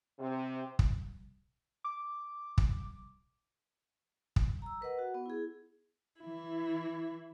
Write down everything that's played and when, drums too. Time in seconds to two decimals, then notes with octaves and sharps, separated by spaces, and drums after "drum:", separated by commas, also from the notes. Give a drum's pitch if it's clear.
0.19 C3
0.79 drum: kick
1.84 D6
2.58 drum: kick
4.36 drum: kick
4.62 A#5 E6
4.81 A#4 B4 D#5 F#5
4.99 F#4 F#5
5.14 B3
5.26 E4 G#4
6.20 E3 E4